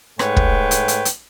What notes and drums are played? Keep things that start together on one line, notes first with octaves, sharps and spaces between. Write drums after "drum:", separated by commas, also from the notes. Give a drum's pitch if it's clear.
G#2 A3 B4 C#5 G5, drum: rim click
drum: kick
drum: hi-hat
drum: hi-hat
drum: hi-hat